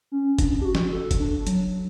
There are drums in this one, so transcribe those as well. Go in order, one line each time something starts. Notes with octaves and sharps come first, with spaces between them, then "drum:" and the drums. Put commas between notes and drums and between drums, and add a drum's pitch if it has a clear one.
C#4
D4, drum: kick F#1, hi-hat
G4
F#4
drum: snare
A4
drum: kick F#1, hi-hat
D4
F#3, drum: hi-hat